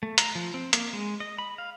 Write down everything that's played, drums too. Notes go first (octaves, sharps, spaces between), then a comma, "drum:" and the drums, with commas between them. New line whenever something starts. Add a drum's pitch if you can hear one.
A3
A#5, drum: hi-hat
F3
C4
A#3, drum: hi-hat
G#3
D#5
B5
F5